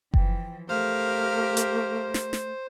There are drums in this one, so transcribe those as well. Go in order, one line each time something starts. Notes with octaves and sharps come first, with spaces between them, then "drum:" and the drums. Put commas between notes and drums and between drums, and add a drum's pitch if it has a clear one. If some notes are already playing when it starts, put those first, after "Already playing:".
E3 F3 G5, drum: kick F#1
A3 G4 A#4 C5 F5
drum: hi-hat
drum: snare
drum: snare